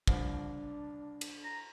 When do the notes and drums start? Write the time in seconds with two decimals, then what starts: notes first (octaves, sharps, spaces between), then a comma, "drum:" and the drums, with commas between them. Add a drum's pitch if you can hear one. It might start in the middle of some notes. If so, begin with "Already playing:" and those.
0.07 C2 F3 D4, drum: kick
1.21 drum: cymbal
1.44 A#5